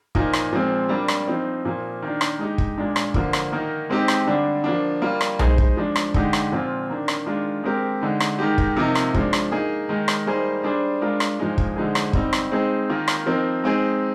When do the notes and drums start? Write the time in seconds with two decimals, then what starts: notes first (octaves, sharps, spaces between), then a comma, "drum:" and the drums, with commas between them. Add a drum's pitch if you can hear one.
0.15 A#2 F3 A#3 D#4, drum: kick
0.33 drum: rim click
0.53 A#2 F3 G#3 C4
0.89 G3 A#3 D4
1.08 drum: rim click
1.27 F3 C4 D#4
1.65 A#2 F3 A#3
2.02 D#3 A#3 D4
2.21 drum: rim click
2.39 G#3 D#4 G4
2.58 drum: kick
2.78 A#2 G#3 D4
2.96 drum: rim click
3.14 D3 F3 A#3, drum: kick
3.33 drum: rim click
3.52 D#3 A#3 D#4
3.90 G#3 C4 D#4 G4
4.08 drum: rim click
4.27 D3 G3 D4
4.64 F3 A#3 D4
5.02 G3 A#3 F4
5.21 drum: rim click
5.39 G#3 D#4 G#4 C5, drum: tom B1
5.58 drum: kick
5.77 F3 G#3 D4
5.96 drum: rim click
6.14 D3 G#3 D#4 G4, drum: kick
6.33 drum: rim click
6.52 A#2 F3 C4 F4
6.89 D#3 A#3 D4
7.08 drum: rim click
7.26 D#3 G#3 D4 F4
7.64 G#3 C4 G4 A#4
8.01 D3 G#3 D#4
8.20 drum: rim click
8.39 D#3 G#3 D#4 G4
8.58 drum: kick
8.76 C3 F3 A#3 D#4
8.95 drum: rim click
9.14 F3 G#3 D4, drum: kick
9.33 drum: rim click
9.52 A#3 D#4 G#4
9.89 D#3 G#3 D#4
10.08 drum: rim click
10.26 G3 A#3 D#4 G#4 C5
10.63 G3 D4 G#4 C5
11.02 G#3 D4 F4 A#4
11.20 drum: rim click
11.39 A#2 F3 G#3 D#4
11.58 drum: kick
11.76 D3 F3 G#3 D#4 G#4
11.95 drum: rim click
12.13 G3 C4 D#4, drum: kick
12.33 drum: rim click
12.51 G#3 C4 D#4 G#4 C5
12.89 D#3 A#3 F4
13.08 drum: rim click
13.26 F3 C4 D#4 A#4
13.64 G#3 C4 D#4 G#4